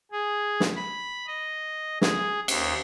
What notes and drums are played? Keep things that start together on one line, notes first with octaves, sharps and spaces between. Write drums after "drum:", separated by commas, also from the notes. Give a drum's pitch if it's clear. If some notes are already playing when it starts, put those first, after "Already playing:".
G#4
drum: snare
B5
D#5
G#4, drum: snare
D#2, drum: cymbal